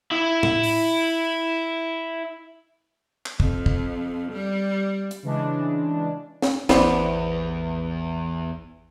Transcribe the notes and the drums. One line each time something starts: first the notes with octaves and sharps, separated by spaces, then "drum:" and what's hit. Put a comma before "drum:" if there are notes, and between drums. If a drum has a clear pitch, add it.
E4 E5
drum: tom A2
drum: open hi-hat
drum: clap
F2, drum: kick
drum: kick
G3
drum: hi-hat
C#3 E3 G#3 D4
drum: snare
A1 E2 B3 E4 C5 D5, drum: snare